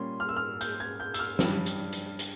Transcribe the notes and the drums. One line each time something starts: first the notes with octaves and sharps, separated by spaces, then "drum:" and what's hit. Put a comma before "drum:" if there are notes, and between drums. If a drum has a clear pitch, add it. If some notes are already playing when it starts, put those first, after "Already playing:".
Already playing: A#2 G3 C#4 C6
F6
E6
F6
G6, drum: hi-hat
G#6
G6
E6, drum: hi-hat
F6
G2 G3 C#4, drum: snare F3
drum: hi-hat
drum: hi-hat
drum: hi-hat